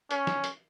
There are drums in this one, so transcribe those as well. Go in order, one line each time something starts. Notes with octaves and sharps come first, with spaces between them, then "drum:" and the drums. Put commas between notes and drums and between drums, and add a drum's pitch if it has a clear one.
C#4, drum: hi-hat
drum: snare
drum: hi-hat